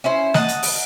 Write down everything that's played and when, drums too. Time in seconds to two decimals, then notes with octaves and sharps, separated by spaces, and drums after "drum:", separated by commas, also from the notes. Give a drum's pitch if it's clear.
0.04 C#4 E4 C5
0.34 D#5 F#5 A5, drum: snare
0.48 drum: hi-hat
0.63 drum: open hi-hat